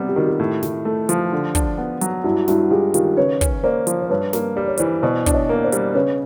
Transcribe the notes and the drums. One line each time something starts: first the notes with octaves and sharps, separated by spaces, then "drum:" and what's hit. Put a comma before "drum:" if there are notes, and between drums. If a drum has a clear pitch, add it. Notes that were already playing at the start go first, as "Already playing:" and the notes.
Already playing: C3 G3 B3
G4
D#3 F#4
F4 G4
A2
A2, drum: snare
A3
F3, drum: hi-hat
D3
D4, drum: kick, hi-hat
B3
F#3, drum: hi-hat
G2 E4 F#4
G2 E4 F#4, drum: snare
G#3 F4 G4
D#3 F4 G4, drum: hi-hat
C#3 B4 C#5
C#4, drum: kick, hi-hat
A#3 C5 D5
F3, drum: hi-hat
C5
G2 B4 C#5
A#3, drum: snare
G3 D5
C#5
E3 C5 D5, drum: hi-hat
B2 C5 D5
D4, drum: kick, hi-hat
C#5 D#5
A#3
C5 D5
G3, drum: hi-hat
C#3 B4 C#5